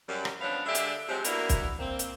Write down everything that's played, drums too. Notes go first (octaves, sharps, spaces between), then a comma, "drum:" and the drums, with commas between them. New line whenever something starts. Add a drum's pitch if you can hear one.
F#2 G3
drum: rim click
F3 B3 C#4 D4 C#5 F5
D3 G#3 D4 G4 E5
drum: hi-hat
C3 F3 F#3 G#3 C4
A#3 B3 D4 E4 F#4 A#4, drum: hi-hat
drum: kick, hi-hat
A#3 C4
drum: hi-hat